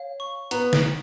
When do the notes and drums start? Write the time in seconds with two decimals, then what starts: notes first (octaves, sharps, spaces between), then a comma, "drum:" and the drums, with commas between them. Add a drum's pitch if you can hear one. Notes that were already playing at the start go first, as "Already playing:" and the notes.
Already playing: C#5 F5
0.20 C#6
0.51 B3 A#5, drum: hi-hat
0.73 drum: snare